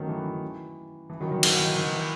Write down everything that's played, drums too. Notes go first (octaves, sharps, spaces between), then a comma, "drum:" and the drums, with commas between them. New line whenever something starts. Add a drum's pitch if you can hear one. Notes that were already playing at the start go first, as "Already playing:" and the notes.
Already playing: D#3 F#3 A3 C#4
E3
E3
E3
D#3 F#3
D#3 F#3
E3, drum: cymbal
D#3
D#3
E3